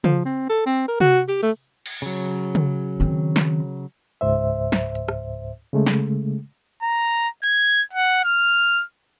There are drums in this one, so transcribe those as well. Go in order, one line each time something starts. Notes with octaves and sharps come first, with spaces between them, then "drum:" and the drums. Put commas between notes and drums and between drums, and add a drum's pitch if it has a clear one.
F3, drum: tom C#3
C4
A4
C4
A#4
F#4, drum: tom C3
G4, drum: hi-hat
A3, drum: open hi-hat
drum: cymbal
C#3 F#3
drum: tom C#3
D#3 C4
drum: snare
C#2 G#2 C5 E5
drum: snare
drum: hi-hat
drum: rim click
C#3 G#3 A3
drum: snare
A#5
G#6, drum: hi-hat
F#5
F6